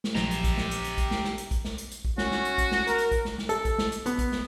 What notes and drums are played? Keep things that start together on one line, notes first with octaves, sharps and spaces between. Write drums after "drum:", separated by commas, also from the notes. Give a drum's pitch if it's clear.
drum: snare
A#1 F3 F#3 G4 A#5, drum: snare
drum: hi-hat
drum: kick, hi-hat
drum: snare
drum: hi-hat
drum: hi-hat
drum: kick, hi-hat
drum: snare
drum: snare
drum: hi-hat
drum: kick, hi-hat
drum: snare
drum: hi-hat
drum: hi-hat
drum: kick
C#4 F#4, drum: snare
drum: snare
drum: hi-hat
drum: kick, hi-hat
drum: snare
A#4, drum: hi-hat
drum: hi-hat
drum: kick, hi-hat
drum: snare
drum: snare
A4, drum: hi-hat
drum: kick, hi-hat
drum: snare
drum: hi-hat
B3, drum: hi-hat
drum: kick, hi-hat
drum: snare